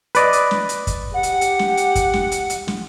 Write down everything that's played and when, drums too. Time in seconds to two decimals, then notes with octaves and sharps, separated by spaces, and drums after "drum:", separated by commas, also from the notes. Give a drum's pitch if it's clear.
0.15 B4 D5 D#5, drum: hi-hat
0.33 drum: hi-hat
0.51 drum: snare
0.69 drum: hi-hat
0.87 drum: kick, hi-hat
1.14 G4 F#5
1.23 drum: hi-hat
1.41 drum: hi-hat
1.59 drum: snare
1.77 drum: hi-hat
1.95 drum: kick, hi-hat
2.13 drum: snare
2.32 drum: hi-hat
2.50 drum: hi-hat
2.68 drum: snare